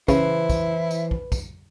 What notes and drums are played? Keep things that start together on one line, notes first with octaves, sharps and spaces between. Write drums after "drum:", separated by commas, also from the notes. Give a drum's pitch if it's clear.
C#3 E3 E4 B4 C5, drum: kick, tambourine
drum: kick, tambourine
drum: tambourine
drum: kick
drum: kick, tambourine